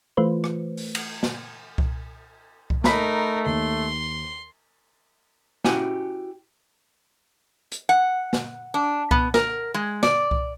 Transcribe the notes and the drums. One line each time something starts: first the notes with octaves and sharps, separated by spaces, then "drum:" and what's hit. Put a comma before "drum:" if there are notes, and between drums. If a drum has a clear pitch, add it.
E3 A3 F4 B4 C5
drum: rim click
drum: open hi-hat
drum: cymbal
drum: snare
drum: kick C2
drum: kick C2
A3 D#4 A#4 A#5 B5 B6, drum: snare
D#2 C6
C#4 E4 F#4 G4 F#5 G#5, drum: snare
drum: hi-hat
F#5
drum: snare
D4
B3, drum: kick C2
A#4, drum: snare
G#3
D5, drum: snare
drum: kick C2